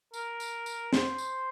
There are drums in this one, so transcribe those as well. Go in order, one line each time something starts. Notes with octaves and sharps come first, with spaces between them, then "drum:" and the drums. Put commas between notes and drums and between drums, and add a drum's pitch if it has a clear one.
A#4, drum: tambourine
drum: tambourine
drum: tambourine
C5, drum: snare
drum: tambourine